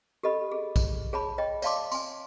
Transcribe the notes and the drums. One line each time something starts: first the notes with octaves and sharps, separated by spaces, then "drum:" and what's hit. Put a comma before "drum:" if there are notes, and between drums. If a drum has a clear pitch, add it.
G4 A4 D#5 B5
G#4
drum: kick A#1, tambourine
G#4 C#5 A5 B5
C#5 D#5 G5
C#5 D5 F5 A5 C6 D6, drum: tambourine
G#5 C6, drum: tambourine